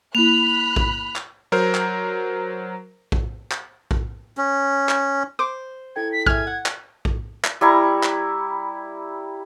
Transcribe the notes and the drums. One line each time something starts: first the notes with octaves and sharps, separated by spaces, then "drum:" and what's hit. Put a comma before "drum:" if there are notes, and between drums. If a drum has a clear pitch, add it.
A#3 E4 B5 F#6 F7
drum: kick A#1
drum: clap
F#3 A#4 C5
drum: clap
drum: kick A#1
drum: clap
drum: kick A#1
C#4
drum: clap
C5 D6
E4 A4 G5 G#6
B6
G#4 E5 F6 G#6, drum: kick A#1
F#5
drum: clap
drum: kick A#1
drum: clap
G3 E4 A#5 C#6
drum: clap